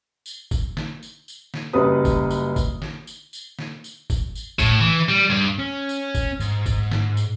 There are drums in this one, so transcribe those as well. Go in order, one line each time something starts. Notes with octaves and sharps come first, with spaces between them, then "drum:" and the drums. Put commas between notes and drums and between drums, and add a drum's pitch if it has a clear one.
drum: tambourine
drum: kick G#1, tambourine
drum: snare
drum: tambourine
drum: tambourine
drum: snare
F#1 F#2 G3 B4 D#6
drum: kick G#1, tambourine
drum: tambourine
drum: kick G#1, tambourine
drum: snare
drum: tambourine
drum: tambourine
drum: snare
drum: tambourine
drum: kick G#1, tambourine
drum: tambourine
A2, drum: kick G#1, tambourine
E3
G3
G2
C#4
drum: tambourine
drum: kick G#1, tambourine
G#2, drum: tambourine
drum: kick G#1, tambourine
drum: snare
drum: tambourine